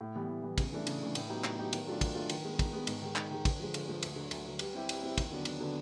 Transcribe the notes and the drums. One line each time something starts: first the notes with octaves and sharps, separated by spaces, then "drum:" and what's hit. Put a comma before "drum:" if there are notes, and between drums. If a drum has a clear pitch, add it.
A2
E3 G3 B3
A2
E3 G3 B3
C#3, drum: kick, cymbal
E3 A3 D4
C#3, drum: cymbal
E3 A3 D4
A2, drum: cymbal
F#3 B3 D#4 G4
A2, drum: clap
F#3 B3 D#4 G4
D#3, drum: cymbal
F#3 A3 D4 F4
D#3, drum: kick, cymbal
F#3 A3 D4 F4
D#3, drum: cymbal
G#3 B3
D#3, drum: kick, cymbal
G#3 B3
G#2, drum: cymbal
D#3 G#3
G#2, drum: clap
D#3 G#3
D3, drum: kick, cymbal
F3 G#3
D3, drum: cymbal
F3 G#3
D2, drum: cymbal
D3 F#3
D2, drum: cymbal
D3 F#3
G3, drum: cymbal
C4 E4 G4
G3, drum: cymbal
C4 E4 G4
D#2, drum: kick, cymbal
D3 F#3 B3 D4
D#2, drum: cymbal
D3 F#3 B3 D4